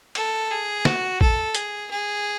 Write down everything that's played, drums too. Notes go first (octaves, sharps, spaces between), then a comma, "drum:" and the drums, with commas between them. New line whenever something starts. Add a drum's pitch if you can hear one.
A4, drum: cymbal
G#4
F#4, drum: snare
A4, drum: kick
G#4, drum: hi-hat
G#4